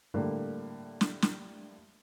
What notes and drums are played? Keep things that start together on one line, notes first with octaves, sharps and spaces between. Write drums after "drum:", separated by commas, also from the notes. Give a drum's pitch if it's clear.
A2 D3 G3 A#3
drum: snare
drum: snare